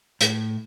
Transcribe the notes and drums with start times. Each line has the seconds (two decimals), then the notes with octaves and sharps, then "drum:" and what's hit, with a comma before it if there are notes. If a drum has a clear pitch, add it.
0.21 A2, drum: hi-hat